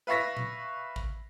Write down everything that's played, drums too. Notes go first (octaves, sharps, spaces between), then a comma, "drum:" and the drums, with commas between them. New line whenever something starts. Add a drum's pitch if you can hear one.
B4 E5 F5 C#6 A#6 B6
drum: tom A#2
drum: kick A1